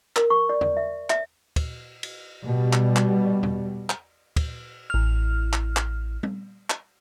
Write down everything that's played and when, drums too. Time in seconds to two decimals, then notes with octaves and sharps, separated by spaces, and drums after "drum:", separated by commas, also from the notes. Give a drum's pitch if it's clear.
0.16 A#4, drum: clap
0.30 C#6
0.49 D5
0.61 D5, drum: tom E2
0.77 E5
1.10 E5, drum: clap
1.56 drum: kick, cymbal
2.03 drum: cymbal
2.44 B2 G3
2.73 drum: clap
2.96 drum: clap
3.43 drum: tom E2
3.90 drum: clap
4.36 drum: kick, cymbal
4.90 A1 F6
5.53 drum: clap
5.77 drum: clap
6.23 drum: tom G3
6.70 drum: clap